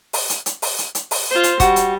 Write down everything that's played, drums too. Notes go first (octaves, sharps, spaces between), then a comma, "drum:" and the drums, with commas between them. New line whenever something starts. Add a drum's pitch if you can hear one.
drum: open hi-hat
drum: hi-hat
drum: hi-hat
drum: open hi-hat
drum: hi-hat
drum: hi-hat
drum: open hi-hat
F4 C5
drum: hi-hat
G3 F#4, drum: kick, hi-hat
drum: hi-hat